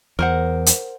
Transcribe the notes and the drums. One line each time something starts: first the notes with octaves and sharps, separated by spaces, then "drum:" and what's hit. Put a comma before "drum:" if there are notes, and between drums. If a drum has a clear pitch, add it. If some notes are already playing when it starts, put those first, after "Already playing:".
E2 A#4 C5 F#5
drum: hi-hat